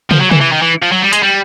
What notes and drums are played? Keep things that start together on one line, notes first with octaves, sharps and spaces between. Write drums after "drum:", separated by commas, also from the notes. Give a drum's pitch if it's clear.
F3, drum: tom
F#3
E3, drum: tom
E3
D#3
E3
F3
F#3
G3
G#3, drum: hi-hat
G3